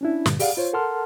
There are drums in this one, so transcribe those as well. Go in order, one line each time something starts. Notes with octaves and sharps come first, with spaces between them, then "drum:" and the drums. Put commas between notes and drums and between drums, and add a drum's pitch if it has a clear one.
C#4 D4 E4
G2 A#2 D3, drum: snare
G4 G#4 D5 F5 F#5, drum: open hi-hat
F4 C5 C#5
A4 A#4 F#5 A5 C6 F6